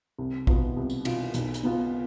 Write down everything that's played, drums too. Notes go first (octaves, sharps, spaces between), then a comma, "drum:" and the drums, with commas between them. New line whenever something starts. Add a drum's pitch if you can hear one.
C2
B2 B3 F4, drum: kick A#1
C2
drum: tambourine
B2 B3 F4, drum: cymbal
B1, drum: hi-hat
drum: hi-hat
B2 B3 F4